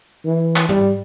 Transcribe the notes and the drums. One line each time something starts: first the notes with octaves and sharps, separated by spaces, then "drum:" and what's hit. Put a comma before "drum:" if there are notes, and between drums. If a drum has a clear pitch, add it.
E3
drum: clap
G3, drum: tom